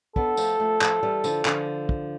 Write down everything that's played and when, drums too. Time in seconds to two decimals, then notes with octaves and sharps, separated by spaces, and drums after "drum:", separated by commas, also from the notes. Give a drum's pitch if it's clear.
0.16 B3 D4 A4, drum: kick
0.37 F3 A3, drum: tambourine
0.59 F3 A3
0.81 F3 A3, drum: clap
1.03 E3 G3
1.24 D3 F3, drum: tambourine
1.45 D3 F3, drum: clap
1.89 drum: kick